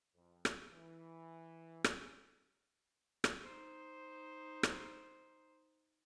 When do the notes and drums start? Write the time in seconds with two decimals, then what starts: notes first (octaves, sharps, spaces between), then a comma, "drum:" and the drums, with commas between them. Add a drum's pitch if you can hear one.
0.15 F2
0.45 drum: rim click
0.70 E3
1.84 C#4, drum: rim click
3.24 drum: rim click
3.42 D#4 C5
4.63 drum: rim click